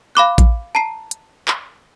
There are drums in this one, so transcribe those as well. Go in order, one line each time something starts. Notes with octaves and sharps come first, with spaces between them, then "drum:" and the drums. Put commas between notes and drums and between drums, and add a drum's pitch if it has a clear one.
F5 B5 D6 F#6
drum: kick A1, hi-hat
A5 A#5 C7 D#7
drum: hi-hat
drum: clap